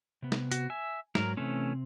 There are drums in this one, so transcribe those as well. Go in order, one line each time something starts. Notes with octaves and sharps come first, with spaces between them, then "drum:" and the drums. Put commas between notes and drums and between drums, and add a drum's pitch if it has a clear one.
C3 B3
drum: snare
F#4, drum: hi-hat
E5 G#5
G#2 F#3 A#4, drum: snare
C3 E3 A3 C4 C#4